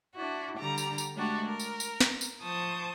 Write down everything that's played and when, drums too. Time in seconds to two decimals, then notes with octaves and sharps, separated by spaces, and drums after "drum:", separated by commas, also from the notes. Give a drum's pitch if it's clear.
0.15 D4 E4 F#4
0.58 D3 G3 A#5 D6
0.78 drum: tambourine
0.98 drum: tambourine
1.15 G#3 A3 D4 F#4 G4
1.46 A#4
1.60 drum: tambourine
1.80 drum: tambourine
2.00 drum: snare
2.21 drum: tambourine
2.41 F3 C5 A5 C#6 D#6 G6